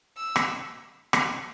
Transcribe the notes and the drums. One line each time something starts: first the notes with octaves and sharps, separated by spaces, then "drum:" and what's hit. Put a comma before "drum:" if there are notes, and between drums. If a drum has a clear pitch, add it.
E6
drum: rim click
drum: rim click